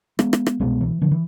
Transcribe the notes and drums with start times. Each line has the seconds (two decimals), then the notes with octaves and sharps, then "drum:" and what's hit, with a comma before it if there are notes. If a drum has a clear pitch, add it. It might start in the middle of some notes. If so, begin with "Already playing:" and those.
0.19 G#3 B3, drum: rim click
0.33 drum: rim click
0.47 drum: rim click
0.60 C2 B2 G#3 B3
0.81 E3
1.02 D3 F3
1.11 E3